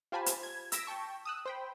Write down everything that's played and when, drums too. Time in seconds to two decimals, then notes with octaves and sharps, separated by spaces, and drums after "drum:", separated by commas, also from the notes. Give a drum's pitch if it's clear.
0.12 F4 G4 C5 G#5 A5 B5
0.26 drum: hi-hat
0.43 G#6
0.72 E6 A#6 B6 D7 E7, drum: hi-hat
0.87 G5 A5 C#6
1.25 D#6 E6 F#6
1.46 C5 G5 B5